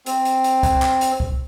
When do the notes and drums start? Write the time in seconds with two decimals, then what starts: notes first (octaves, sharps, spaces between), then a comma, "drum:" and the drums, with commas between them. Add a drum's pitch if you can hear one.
0.06 C4, drum: hi-hat
0.25 drum: hi-hat
0.44 drum: hi-hat
0.63 drum: kick, hi-hat
0.82 drum: clap
1.01 drum: hi-hat
1.20 drum: kick